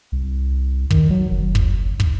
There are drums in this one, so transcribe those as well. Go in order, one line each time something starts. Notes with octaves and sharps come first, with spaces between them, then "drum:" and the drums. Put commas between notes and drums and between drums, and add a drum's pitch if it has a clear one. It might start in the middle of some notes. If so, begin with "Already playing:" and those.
C2
D#3, drum: kick
F#3
F#1
drum: kick
drum: kick